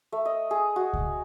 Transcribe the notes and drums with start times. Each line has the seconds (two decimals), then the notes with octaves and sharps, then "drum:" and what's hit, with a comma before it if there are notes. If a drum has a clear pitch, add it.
0.12 A3
0.25 D#5
0.51 G#4
0.76 F#4
0.93 drum: kick C#2